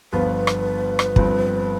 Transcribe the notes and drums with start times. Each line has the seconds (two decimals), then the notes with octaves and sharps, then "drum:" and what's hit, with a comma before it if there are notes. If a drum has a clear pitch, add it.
0.12 G1 G2 F3 B3 F4 B4
0.47 drum: rim click
0.99 drum: rim click
1.16 G1 G2 F3 C4, drum: kick